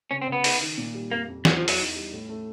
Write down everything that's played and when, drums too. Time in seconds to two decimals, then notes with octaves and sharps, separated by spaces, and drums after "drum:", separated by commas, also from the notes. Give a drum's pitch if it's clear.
0.11 C#3 C#4
0.22 C4
0.27 C#3
0.32 B3
0.44 D#4, drum: open hi-hat
0.61 D#3
0.78 A#2
0.95 G3
1.11 F2 A#3
1.28 F2
1.45 E2 F#3, drum: snare
1.57 F3
1.62 E2
1.68 F#3, drum: open hi-hat
1.79 D#4
1.96 G3
2.12 A2
2.29 A3